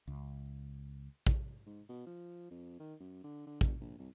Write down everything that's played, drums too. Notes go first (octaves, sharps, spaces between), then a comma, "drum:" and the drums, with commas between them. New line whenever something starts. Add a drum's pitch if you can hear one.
C#2
drum: kick
G#2
B2
F3
F2
D#3
F#2
D3
D3
F#1, drum: kick
A#1
C2